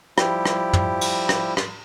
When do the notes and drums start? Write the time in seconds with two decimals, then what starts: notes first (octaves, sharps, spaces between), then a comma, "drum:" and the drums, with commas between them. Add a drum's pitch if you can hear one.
0.18 F3 G3 E4 G4, drum: rim click
0.45 drum: rim click
0.73 drum: tom
1.01 drum: cymbal
1.29 drum: rim click
1.57 drum: rim click